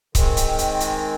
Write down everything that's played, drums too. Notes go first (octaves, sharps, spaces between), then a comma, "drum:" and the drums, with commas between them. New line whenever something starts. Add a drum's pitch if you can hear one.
D#3 G#3 C4, drum: kick C#1, hi-hat
drum: hi-hat
drum: hi-hat
drum: hi-hat